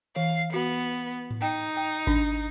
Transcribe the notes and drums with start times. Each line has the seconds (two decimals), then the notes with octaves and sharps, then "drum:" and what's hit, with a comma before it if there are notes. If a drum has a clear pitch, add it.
0.16 E3 F5
0.54 B3 F#4
1.31 drum: tom G#2
1.42 D#4 G5
1.77 G5
2.07 D4, drum: kick G#1